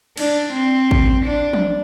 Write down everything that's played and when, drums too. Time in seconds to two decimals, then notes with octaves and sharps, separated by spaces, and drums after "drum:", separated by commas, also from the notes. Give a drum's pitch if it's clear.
0.17 D4, drum: cymbal
0.53 C4
0.91 drum: kick
1.25 D4
1.53 drum: tom